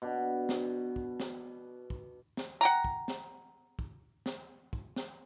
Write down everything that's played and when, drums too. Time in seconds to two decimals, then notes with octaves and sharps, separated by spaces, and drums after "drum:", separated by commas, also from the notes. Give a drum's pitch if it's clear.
0.02 B2 D4
0.49 drum: snare
0.96 drum: kick
1.20 drum: snare
1.90 drum: kick
2.37 drum: snare
2.61 F#5 G5 A#5
2.84 drum: kick
3.08 drum: snare
3.79 drum: kick
4.26 drum: snare
4.73 drum: kick
4.96 drum: snare